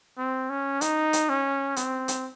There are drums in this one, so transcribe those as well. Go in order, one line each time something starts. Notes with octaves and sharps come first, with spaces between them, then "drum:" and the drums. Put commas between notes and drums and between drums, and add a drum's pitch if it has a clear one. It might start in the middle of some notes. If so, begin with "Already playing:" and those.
C4
C#4
D#4, drum: hi-hat
drum: hi-hat
C#4
C4, drum: hi-hat
drum: hi-hat